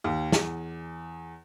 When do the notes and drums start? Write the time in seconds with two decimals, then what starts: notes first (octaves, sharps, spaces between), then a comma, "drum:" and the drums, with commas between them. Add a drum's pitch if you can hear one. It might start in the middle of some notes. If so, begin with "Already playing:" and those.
0.04 D#2
0.32 E2, drum: snare